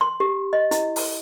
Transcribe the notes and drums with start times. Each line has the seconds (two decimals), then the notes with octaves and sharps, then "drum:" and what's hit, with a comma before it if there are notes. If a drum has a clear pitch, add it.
0.01 C6
0.20 G4
0.53 D#5
0.71 E4, drum: hi-hat
0.96 drum: open hi-hat